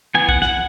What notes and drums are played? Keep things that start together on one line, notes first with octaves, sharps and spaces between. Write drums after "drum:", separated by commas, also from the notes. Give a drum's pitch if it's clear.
E3 B3 G#5
F#5, drum: kick
F#5, drum: snare